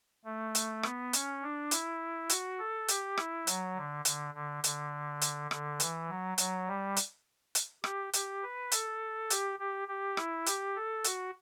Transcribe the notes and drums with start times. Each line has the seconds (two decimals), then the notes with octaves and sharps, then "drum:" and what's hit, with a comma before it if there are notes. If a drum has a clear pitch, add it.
0.25 A3
0.55 drum: hi-hat
0.83 B3, drum: rim click
1.13 C#4, drum: hi-hat
1.43 D4
1.71 E4, drum: hi-hat
2.29 F#4, drum: hi-hat
2.59 A4
2.88 G4, drum: hi-hat
3.18 E4, drum: rim click
3.47 F#3, drum: hi-hat
3.76 D3
4.05 D3, drum: hi-hat
4.34 D3
4.64 D3, drum: hi-hat
5.21 drum: hi-hat
5.51 D3, drum: rim click
5.80 E3, drum: hi-hat
6.09 F#3
6.38 F#3, drum: hi-hat
6.67 G3
6.96 drum: hi-hat
7.55 drum: hi-hat
7.84 G4, drum: rim click
8.13 G4, drum: hi-hat
8.43 B4
8.72 A4, drum: hi-hat
9.30 G4, drum: hi-hat
9.59 G4
9.88 G4
10.17 E4, drum: rim click
10.46 G4, drum: hi-hat
10.76 A4
11.04 F#4, drum: hi-hat